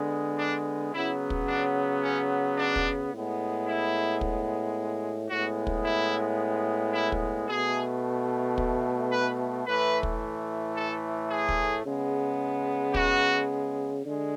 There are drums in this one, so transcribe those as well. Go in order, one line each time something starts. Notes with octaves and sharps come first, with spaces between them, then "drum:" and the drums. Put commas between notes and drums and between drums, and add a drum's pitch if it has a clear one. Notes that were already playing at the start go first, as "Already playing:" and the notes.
Already playing: D3 G#3 B3
D4
C#3 F#3 B3 E4
drum: kick
D4
C#4
D4
drum: kick
A2 G#3 B3
E4
drum: kick
A2 G#3 B3 F#4
drum: kick
E4
E4
drum: kick
B2 A3 G#4
drum: kick
B4
A2 E3 A3 B4
drum: kick
A4
G#4
drum: kick
C#3 G#3 B3
F#4, drum: kick
D3 G#3